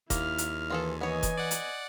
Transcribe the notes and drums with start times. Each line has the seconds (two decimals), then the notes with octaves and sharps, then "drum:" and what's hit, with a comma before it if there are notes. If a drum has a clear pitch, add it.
0.10 D#2 A#3 E4 F6, drum: kick F1, hi-hat
0.38 drum: hi-hat
0.70 E3 F4 G#4 A4
1.01 E3 B3 C#5 D#5 G#5
1.23 drum: kick F1, hi-hat
1.37 D5 F#5
1.51 drum: hi-hat